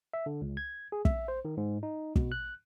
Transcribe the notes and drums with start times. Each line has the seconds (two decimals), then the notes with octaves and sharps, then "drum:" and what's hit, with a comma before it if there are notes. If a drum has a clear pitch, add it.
0.13 E5
0.26 D3
0.41 C#2
0.57 G#6
0.92 G#4
1.05 E5, drum: kick
1.28 C5
1.45 D#3
1.57 G#2
1.83 D#4
2.16 B2, drum: kick
2.32 F#6